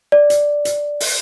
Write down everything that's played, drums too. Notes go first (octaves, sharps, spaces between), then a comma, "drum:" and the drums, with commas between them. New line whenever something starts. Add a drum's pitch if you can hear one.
D5
drum: hi-hat
drum: hi-hat
drum: open hi-hat